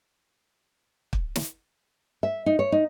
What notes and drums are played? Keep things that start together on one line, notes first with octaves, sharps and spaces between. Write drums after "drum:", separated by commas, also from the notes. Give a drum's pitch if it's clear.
drum: kick
drum: snare
E5
D#4
C#5
D#4